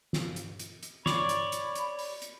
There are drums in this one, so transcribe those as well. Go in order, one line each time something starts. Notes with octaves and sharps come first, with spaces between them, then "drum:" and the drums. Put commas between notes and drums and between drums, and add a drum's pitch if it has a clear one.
drum: snare
drum: hi-hat
drum: hi-hat
drum: hi-hat
C#5 D5 B5, drum: snare
drum: hi-hat
drum: hi-hat
drum: hi-hat
drum: open hi-hat
drum: hi-hat